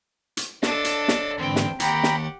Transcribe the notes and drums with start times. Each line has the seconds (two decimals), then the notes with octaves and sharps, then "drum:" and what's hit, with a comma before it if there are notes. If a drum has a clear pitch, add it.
0.37 drum: hi-hat
0.63 D4 A4 D5 D#5, drum: snare
0.85 drum: hi-hat
1.08 drum: snare
1.38 E2 G#2 D3 C4 G5
1.56 drum: snare
1.80 D#2 G4 F#5 G5 A#5 B5, drum: hi-hat
2.03 drum: snare